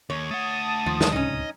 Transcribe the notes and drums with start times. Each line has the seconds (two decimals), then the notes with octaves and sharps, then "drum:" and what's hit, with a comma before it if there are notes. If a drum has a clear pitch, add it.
0.10 D#2 C#5
0.31 A3 F#5 A5 D#6
0.86 D#2 D#3 F3
1.01 drum: snare
1.12 D1 C#2 C3 C#4 D#4 D#5